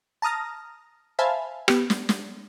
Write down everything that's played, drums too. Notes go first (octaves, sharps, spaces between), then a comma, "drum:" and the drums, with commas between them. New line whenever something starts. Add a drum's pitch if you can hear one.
A5 A#5 D#6 F6 A#6
C5 E5 F5 G#5 A5 B5
B3 G4, drum: rim click
drum: snare
drum: snare